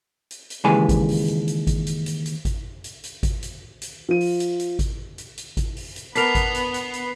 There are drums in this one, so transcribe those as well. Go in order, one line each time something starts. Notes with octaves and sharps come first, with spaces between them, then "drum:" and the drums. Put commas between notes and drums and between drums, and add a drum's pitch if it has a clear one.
drum: hi-hat
drum: hi-hat
D#2 C#3 E3 G#3 B4 G#5
drum: kick G#1, hi-hat
drum: open hi-hat
drum: hi-hat
drum: hi-hat
drum: kick G#1, hi-hat
drum: hi-hat
drum: hi-hat
drum: hi-hat
drum: kick G#1, hi-hat
drum: hi-hat
drum: hi-hat
drum: kick G#1, hi-hat
drum: hi-hat
drum: hi-hat
F3 D#7
drum: open hi-hat
drum: hi-hat
drum: hi-hat
drum: kick G#1, hi-hat
drum: hi-hat
drum: hi-hat
drum: kick G#1, hi-hat
drum: open hi-hat
drum: hi-hat
B3 D4 A#4 B6 C7 F7, drum: hi-hat
drum: kick G#1, hi-hat
drum: hi-hat
drum: hi-hat
drum: hi-hat